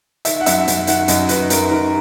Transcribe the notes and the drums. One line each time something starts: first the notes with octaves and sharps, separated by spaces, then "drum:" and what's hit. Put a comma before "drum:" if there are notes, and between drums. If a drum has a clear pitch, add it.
D#3 E5, drum: hi-hat
F#5
F#2 E5, drum: hi-hat
F#2, drum: hi-hat
D#3 F#5, drum: hi-hat
F#2 D#5, drum: hi-hat
D#3 B4, drum: hi-hat
F#2 A#4, drum: hi-hat
D#3 A#4